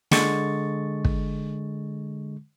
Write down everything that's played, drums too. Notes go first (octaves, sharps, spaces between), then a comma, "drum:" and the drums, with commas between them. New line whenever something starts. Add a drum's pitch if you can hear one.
D3 G#3 C#6 A6, drum: snare
drum: kick